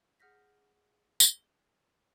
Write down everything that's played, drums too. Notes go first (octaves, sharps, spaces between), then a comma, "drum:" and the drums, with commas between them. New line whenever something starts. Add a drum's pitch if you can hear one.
G#4 F#5 F6 G6 A#6 B6
drum: tambourine